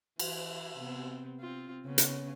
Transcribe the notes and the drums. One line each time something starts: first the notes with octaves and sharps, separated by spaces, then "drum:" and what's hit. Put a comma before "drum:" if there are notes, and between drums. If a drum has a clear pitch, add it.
E3, drum: cymbal
C3 B3 C4
C4 F4
C#3 B3 C#4
drum: hi-hat